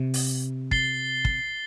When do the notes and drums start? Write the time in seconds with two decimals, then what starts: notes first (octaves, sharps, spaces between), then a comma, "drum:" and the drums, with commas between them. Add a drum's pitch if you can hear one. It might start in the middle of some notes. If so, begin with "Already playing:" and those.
Already playing: C3
0.14 drum: open hi-hat
0.71 A6 C7 G7, drum: kick
1.25 drum: kick